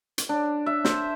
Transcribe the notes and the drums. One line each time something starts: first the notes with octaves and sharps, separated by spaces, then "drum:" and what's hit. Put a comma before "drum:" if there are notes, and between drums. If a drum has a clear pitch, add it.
drum: hi-hat
D4
E5
C5, drum: snare